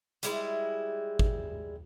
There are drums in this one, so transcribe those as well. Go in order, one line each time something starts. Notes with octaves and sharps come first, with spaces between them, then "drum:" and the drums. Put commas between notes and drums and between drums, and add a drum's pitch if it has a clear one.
G3 G#3 E4, drum: hi-hat
drum: kick G#1